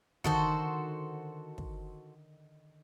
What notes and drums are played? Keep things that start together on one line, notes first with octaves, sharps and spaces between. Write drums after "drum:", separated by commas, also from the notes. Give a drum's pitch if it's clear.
D3 D#3 D#4 F#4 A4 C5, drum: kick
drum: kick